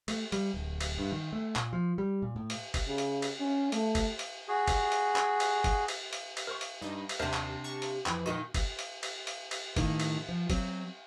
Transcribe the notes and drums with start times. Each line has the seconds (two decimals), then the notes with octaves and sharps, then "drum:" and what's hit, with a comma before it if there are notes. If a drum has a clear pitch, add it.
0.08 A3, drum: cymbal
0.32 G3, drum: cymbal
0.54 D1
0.81 drum: cymbal
0.99 G2
1.12 D#3
1.32 A3
1.56 A#2, drum: clap
1.73 F3
1.98 G3
2.22 A#2
2.36 A2
2.50 drum: cymbal
2.74 drum: kick, cymbal
2.88 C#3
2.98 drum: cymbal
3.22 drum: cymbal
3.40 C#4
3.72 A3, drum: cymbal
3.95 drum: kick, cymbal
4.19 drum: cymbal
4.48 F#4 G#4
4.67 drum: kick, cymbal
4.92 drum: cymbal
5.16 drum: clap
5.40 drum: cymbal
5.64 drum: kick, cymbal
5.88 drum: cymbal
6.13 drum: cymbal
6.37 drum: cymbal
6.47 A#4 C5 C#6
6.61 drum: cymbal
6.81 G2 D#4
7.09 drum: cymbal
7.19 D#2 C3 D4 A#4 C5 E5
7.34 drum: clap
7.64 A5 A#5 C#6
7.82 drum: cymbal
8.06 F2 E3 G5 B5, drum: clap
8.26 A#2 D#3 D#4 F#4
8.54 drum: kick, cymbal
8.79 drum: cymbal
9.03 drum: cymbal
9.27 drum: cymbal
9.51 drum: cymbal
9.76 A2 D#3 A#3, drum: kick, cymbal
10.00 drum: cymbal
10.29 F3
10.50 F#3 C4, drum: kick, cymbal